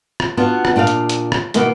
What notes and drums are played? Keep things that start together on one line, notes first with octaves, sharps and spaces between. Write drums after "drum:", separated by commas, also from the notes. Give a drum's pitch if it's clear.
drum: rim click
B3 D4 F4 F#4
drum: rim click
A#2 D4 G#4 F5
drum: hi-hat
drum: hi-hat
drum: rim click
B2 D#3 A#3 B3, drum: hi-hat